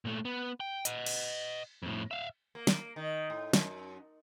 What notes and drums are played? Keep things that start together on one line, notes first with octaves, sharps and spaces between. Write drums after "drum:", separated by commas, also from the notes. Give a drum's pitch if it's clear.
A#2 A3
B3
G5
D#5 F#5, drum: hi-hat
drum: cymbal
F2 A2
E5 F5
A#3
drum: snare
D#3
A2
F#2, drum: snare